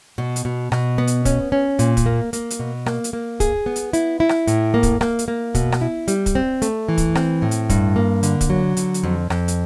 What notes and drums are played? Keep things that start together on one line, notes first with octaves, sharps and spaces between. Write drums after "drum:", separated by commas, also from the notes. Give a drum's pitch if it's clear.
B2
drum: hi-hat
B2
B2, drum: rim click
B3
drum: hi-hat
C#4, drum: kick, hi-hat
C#4
A#2, drum: hi-hat
drum: kick, hi-hat
A#3
A#3, drum: hi-hat
drum: hi-hat
B2
A#3, drum: rim click
drum: hi-hat
A#3
G#4, drum: kick, hi-hat
B3
drum: hi-hat
E4, drum: hi-hat
E4
drum: rim click
A2, drum: hi-hat
A#3
drum: kick, hi-hat
A#3, drum: rim click
drum: hi-hat
A#3
B2, drum: kick, hi-hat
drum: rim click
E4
G3, drum: hi-hat
drum: kick, hi-hat
C4
A3, drum: hi-hat
E3
drum: kick, hi-hat
C4, drum: rim click
A2
drum: hi-hat
G2, drum: kick, hi-hat
A#3
D3, drum: hi-hat
drum: kick, hi-hat
F#3
D3, drum: hi-hat
drum: hi-hat
F2
F2, drum: rim click
drum: hi-hat